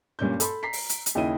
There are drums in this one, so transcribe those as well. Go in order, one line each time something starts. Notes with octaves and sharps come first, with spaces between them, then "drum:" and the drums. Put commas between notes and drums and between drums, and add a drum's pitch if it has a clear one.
G2 A#2 C#4 G6
A4 B5 C6, drum: hi-hat
A#5 B6 C7
drum: open hi-hat
drum: hi-hat
drum: hi-hat
D#2 C#3 E4 D#5 D#7